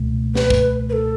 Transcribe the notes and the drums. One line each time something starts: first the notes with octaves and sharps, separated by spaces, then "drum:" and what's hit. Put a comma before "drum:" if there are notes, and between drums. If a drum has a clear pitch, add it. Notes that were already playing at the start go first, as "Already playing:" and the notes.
Already playing: C#2 B2 A3
B4, drum: snare
drum: kick
B4
A4